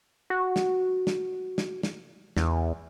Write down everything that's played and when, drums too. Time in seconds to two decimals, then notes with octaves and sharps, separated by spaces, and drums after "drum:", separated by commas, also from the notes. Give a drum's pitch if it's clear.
0.30 F#4
0.56 drum: snare
1.07 drum: snare
1.58 drum: snare
1.83 drum: snare
2.37 E2, drum: snare